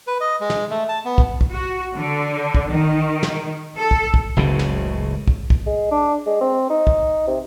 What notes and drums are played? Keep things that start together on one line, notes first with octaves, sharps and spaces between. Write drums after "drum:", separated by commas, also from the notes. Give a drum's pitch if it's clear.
B4
D#5
G#3
drum: snare
A3
A5
B3
drum: kick
drum: kick
F#4
D3
drum: kick
D#3
drum: snare
A4
drum: kick
drum: kick
F#1 C#2 A2 C#3
drum: snare
drum: kick
drum: kick
G#3
D4
G#3
C4
D#4
drum: kick
C3